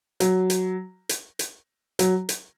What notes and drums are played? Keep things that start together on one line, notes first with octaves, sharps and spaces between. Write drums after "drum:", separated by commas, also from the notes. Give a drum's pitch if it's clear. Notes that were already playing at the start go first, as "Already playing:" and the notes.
F#3, drum: hi-hat
drum: hi-hat
drum: hi-hat
drum: hi-hat
F#3, drum: hi-hat
drum: hi-hat